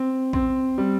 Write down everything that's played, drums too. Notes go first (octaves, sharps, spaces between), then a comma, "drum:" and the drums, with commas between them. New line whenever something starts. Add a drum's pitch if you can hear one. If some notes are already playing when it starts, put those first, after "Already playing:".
Already playing: C4
C4, drum: kick A#1
G3